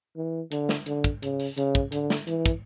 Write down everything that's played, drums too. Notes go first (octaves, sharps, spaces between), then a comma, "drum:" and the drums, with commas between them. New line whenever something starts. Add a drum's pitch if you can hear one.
E3
D3, drum: hi-hat
drum: snare
D3, drum: hi-hat
drum: kick, hi-hat
C#3, drum: hi-hat
drum: open hi-hat
C#3, drum: hi-hat
drum: kick
D3, drum: hi-hat
drum: snare
E3, drum: hi-hat
drum: kick, hi-hat